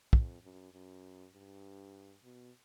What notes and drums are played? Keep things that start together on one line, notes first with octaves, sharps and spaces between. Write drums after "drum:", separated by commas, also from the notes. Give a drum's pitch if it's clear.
F2, drum: kick
F#2
F#2
G2
B2